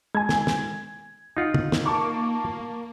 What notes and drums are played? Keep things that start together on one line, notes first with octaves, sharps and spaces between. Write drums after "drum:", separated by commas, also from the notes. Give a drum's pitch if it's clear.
G#3 G#5 G#6
drum: snare
drum: snare
D#4 F4 F#5
drum: tom
drum: snare
A#3 A5 C#6 D6